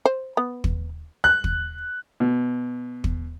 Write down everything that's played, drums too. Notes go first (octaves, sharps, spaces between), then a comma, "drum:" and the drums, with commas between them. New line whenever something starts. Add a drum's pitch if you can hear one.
C5
B3
drum: kick
F#6
drum: kick
B2
drum: kick